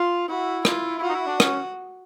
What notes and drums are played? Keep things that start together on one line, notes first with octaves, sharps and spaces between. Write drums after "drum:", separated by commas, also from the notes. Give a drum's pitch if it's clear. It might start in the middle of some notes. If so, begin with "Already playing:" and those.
Already playing: F4
E4 F#4
F4, drum: rim click
E4
F4 F#4
D#4
E4
D4
C#4, drum: rim click